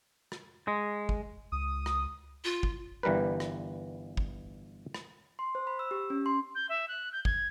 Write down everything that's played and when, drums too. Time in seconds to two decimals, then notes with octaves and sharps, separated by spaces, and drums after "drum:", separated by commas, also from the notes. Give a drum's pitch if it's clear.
0.32 drum: rim click
0.68 G#3
1.09 drum: kick G1
1.52 C#2 D#6
1.86 drum: rim click
2.45 F4
2.63 drum: kick G1
3.03 G1 E3 G3 A#4 B4
3.40 drum: rim click
4.17 drum: kick G1
4.94 drum: rim click
5.39 C6
5.55 C5
5.67 B5
5.79 E6
5.91 G4
6.10 C#4
6.26 C6
6.55 G6
6.69 E5
6.88 F#6
7.13 G6
7.25 G#6, drum: kick G1